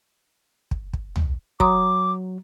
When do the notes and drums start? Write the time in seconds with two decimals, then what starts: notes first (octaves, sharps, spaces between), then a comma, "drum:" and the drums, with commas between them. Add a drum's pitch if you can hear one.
0.71 drum: kick
0.93 drum: kick
1.16 drum: tom
1.60 F#3 A#5 C6 D6 D#6, drum: kick